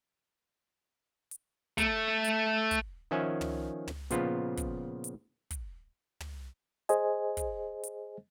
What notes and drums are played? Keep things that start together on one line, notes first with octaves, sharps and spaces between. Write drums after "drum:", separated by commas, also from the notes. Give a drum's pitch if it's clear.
drum: hi-hat
A3, drum: kick, hi-hat
drum: hi-hat
drum: kick, hi-hat
D#3 F3 C#4 E5 F#5 G#5
drum: tom
drum: tom
A#2 C#3 F3 B3 F4, drum: hi-hat
drum: kick, hi-hat
drum: hi-hat
drum: kick, hi-hat
drum: tom
G#4 C5 D#5 G#5, drum: hi-hat
drum: kick, hi-hat
drum: hi-hat